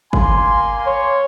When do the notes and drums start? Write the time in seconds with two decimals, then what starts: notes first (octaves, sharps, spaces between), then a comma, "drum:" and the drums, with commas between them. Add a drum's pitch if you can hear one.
0.13 A#3 G#5 C6, drum: kick G1
0.87 C#5